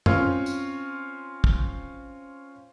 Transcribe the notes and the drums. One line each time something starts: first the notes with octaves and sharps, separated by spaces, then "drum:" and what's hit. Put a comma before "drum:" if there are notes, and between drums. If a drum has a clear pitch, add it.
C4 C#4 F4, drum: tom F#2
drum: tambourine
drum: kick